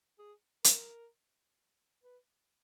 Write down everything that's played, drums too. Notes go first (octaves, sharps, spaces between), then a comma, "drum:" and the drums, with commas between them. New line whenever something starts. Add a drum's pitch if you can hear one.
G#4
A#4, drum: hi-hat
B4